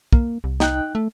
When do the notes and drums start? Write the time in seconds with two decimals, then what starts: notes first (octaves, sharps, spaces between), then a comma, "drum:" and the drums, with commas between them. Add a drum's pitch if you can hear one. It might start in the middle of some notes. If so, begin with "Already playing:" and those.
0.13 A#3, drum: kick
0.44 C2
0.60 D#4 G5 F#6, drum: snare
0.95 A3